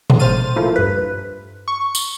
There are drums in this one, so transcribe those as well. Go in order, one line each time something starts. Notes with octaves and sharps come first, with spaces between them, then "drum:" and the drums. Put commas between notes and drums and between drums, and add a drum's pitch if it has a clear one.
drum: tom A#2
G1 C5 F6 A6 D#7
F3 A3 A#3 E4
G2 B4
C#6
drum: tambourine